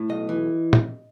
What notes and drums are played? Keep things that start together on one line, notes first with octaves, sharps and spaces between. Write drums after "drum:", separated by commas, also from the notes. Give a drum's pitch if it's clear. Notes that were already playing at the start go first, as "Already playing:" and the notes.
Already playing: A2
B1 D#5
E3
drum: tom